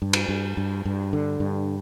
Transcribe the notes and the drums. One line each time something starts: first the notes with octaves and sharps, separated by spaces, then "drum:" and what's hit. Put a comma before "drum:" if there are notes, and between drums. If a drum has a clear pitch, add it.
G2
drum: cymbal
G2
G2
G2
D3
G2